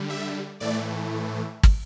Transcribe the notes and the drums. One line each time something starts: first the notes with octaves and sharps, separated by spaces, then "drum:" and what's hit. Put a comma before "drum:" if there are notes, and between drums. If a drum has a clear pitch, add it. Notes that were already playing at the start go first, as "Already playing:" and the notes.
Already playing: D3 G3
E5
A2 E3 A3 D5
drum: kick